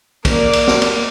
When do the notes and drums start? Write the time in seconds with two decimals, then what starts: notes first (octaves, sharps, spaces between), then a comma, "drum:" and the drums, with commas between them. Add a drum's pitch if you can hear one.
0.25 A#3 D5, drum: kick, cymbal
0.53 drum: cymbal
0.67 drum: snare
0.82 drum: cymbal